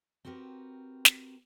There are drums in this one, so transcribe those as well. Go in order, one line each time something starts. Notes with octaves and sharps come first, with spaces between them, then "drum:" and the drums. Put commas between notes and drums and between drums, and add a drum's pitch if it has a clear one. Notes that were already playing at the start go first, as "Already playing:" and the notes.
C4 F#4 G4 A#4 B4
drum: snare